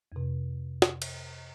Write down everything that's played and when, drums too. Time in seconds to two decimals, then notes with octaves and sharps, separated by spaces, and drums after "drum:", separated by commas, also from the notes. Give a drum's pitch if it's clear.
0.12 F2 C3
0.82 drum: snare
1.02 drum: cymbal